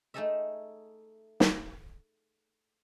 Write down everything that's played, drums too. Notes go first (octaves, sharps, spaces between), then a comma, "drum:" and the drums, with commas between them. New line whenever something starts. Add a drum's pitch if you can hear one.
A3 D#4 G#4 A4 D#5 E5
drum: snare